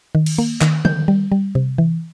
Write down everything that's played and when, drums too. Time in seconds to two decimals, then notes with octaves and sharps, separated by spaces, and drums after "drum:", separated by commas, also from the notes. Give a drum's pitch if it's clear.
0.15 D#3
0.26 drum: cymbal
0.38 A#3
0.61 D#3, drum: clap
0.85 D#3 G6, drum: tom D3
1.08 G3
1.32 G3
1.55 C3
1.78 E3